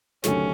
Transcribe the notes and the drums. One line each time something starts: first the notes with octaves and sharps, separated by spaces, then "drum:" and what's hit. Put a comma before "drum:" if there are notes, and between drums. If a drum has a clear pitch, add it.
D2 C3 D#3 F#3 A3 C#4, drum: snare